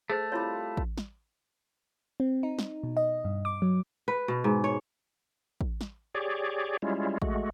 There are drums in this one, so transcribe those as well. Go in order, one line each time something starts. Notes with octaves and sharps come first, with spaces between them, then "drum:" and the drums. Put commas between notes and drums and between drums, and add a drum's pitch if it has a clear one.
A3 G#4 C5
G3 C4 E4 F4 C#5
drum: kick A1
drum: snare
C4
D#4
drum: snare
B2
D#5
G2
D6
F#3
B4
B2
G#2
C#5
drum: kick A1
drum: snare
G4 G#4 C#5 D5
G3 G#3 C#4 E4 F4
G#3 A3 F#4, drum: kick A1